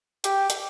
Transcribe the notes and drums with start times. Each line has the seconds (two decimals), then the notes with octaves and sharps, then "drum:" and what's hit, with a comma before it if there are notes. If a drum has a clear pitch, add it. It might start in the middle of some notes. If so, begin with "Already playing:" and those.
0.24 G4, drum: hi-hat
0.50 drum: hi-hat